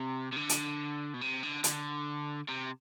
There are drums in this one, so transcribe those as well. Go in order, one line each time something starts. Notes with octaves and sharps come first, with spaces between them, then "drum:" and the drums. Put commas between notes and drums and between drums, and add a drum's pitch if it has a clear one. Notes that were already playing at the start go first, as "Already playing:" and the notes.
Already playing: C3
C3
D3
drum: hi-hat
B2
C3
D3
D3, drum: hi-hat
C3